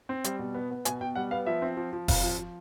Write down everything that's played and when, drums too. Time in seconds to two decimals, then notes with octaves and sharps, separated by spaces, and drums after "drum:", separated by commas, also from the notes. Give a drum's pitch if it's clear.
0.09 C4
0.24 G3, drum: hi-hat
0.39 B2
0.54 B3
0.71 B3
0.85 B2 G#5, drum: hi-hat
1.01 B2 G5
1.15 G3 F#5
1.31 B3 F5
1.46 F3 E5
1.62 C4
1.77 F3
1.93 F3
2.08 C4 F5, drum: kick F1, open hi-hat
2.23 F3
2.39 F3